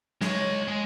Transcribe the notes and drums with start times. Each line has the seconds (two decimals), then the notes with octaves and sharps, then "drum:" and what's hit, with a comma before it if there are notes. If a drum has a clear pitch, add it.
0.21 G#3 C#5, drum: snare
0.68 G#3